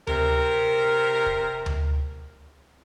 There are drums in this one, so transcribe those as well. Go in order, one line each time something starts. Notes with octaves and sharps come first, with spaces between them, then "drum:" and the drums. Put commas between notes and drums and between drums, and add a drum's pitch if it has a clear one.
C3 A#4, drum: tom D2
drum: kick
drum: tom D2